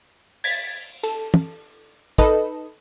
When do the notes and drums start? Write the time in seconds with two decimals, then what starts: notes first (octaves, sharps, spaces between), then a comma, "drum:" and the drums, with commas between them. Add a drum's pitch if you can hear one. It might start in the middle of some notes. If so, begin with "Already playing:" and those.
0.44 G#6 A6 B6, drum: open hi-hat
1.03 A4, drum: cymbal
1.34 drum: tom
2.18 D#4 A4 B4 D#5, drum: kick